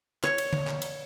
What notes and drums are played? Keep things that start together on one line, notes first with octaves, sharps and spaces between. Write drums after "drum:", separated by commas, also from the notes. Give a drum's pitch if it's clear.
C#5, drum: clap
drum: cymbal
drum: tom D3
drum: clap
drum: cymbal